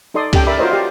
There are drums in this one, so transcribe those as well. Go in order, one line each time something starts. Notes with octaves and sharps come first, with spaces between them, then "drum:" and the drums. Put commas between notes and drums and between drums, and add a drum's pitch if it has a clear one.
D#4 A4 D5 C6 D#6
C#4 G4 A4 G5, drum: kick C2, cymbal
A#4 D5 E5 B5 D6
F4 F#4 A#4 C5 C#5 D#5
G4 D5 F5